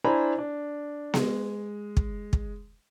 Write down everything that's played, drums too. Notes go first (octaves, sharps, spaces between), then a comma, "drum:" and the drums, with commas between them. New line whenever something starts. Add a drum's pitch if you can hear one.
D4 E4 C5 G#5 A#5 B5
D4
G#3, drum: snare B3
drum: kick
drum: kick